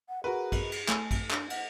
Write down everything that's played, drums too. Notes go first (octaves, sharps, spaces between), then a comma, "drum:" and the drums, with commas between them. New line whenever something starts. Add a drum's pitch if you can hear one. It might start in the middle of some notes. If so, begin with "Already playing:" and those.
F#5
F#4 G#4 A#4 B4
drum: kick, cymbal
drum: cymbal
A3 G#5, drum: clap
drum: kick, cymbal
D4, drum: clap
F#5, drum: cymbal